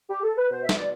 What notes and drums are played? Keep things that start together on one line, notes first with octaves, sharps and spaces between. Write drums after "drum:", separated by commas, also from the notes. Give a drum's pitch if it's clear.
G4
A4
B4
B2 C5
E5
B2, drum: snare
D5